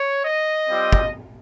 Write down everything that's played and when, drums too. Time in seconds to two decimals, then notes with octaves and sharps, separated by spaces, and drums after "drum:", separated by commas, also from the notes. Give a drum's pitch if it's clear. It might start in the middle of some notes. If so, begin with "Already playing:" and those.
Already playing: C#5
0.23 D#5
0.69 G3 C4 F4
0.93 drum: kick